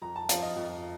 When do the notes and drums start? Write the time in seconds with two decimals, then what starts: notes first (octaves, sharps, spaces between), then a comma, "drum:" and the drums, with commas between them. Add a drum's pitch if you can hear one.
0.02 F2 A#5
0.16 A5
0.29 F3 F5, drum: hi-hat
0.42 D#5
0.56 F2